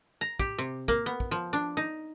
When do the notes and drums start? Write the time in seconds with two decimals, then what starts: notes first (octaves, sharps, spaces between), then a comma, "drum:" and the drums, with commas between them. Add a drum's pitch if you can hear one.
0.21 A#5
0.39 G4, drum: kick
0.58 C3
0.88 A#3, drum: kick
1.06 B3
1.20 drum: kick
1.31 F3
1.53 D4
1.77 D#4